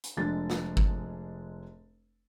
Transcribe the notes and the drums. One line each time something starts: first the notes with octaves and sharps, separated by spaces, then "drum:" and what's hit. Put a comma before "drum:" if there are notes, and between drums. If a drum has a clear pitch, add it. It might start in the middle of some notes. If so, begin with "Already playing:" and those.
drum: hi-hat
F1 G#3 D4 A6
drum: snare
drum: kick G1